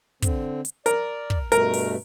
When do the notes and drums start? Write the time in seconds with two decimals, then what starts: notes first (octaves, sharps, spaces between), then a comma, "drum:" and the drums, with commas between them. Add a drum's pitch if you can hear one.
0.22 D3 C4, drum: kick, hi-hat
0.65 drum: hi-hat
0.86 A#4 D5, drum: hi-hat
1.30 drum: kick
1.52 G2 B2 A3 A#4, drum: hi-hat
1.73 drum: open hi-hat